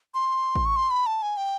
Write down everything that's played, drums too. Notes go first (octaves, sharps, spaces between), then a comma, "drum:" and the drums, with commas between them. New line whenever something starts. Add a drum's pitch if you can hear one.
C6
drum: kick A1
C#6
C6
B5
A5
G#5
G5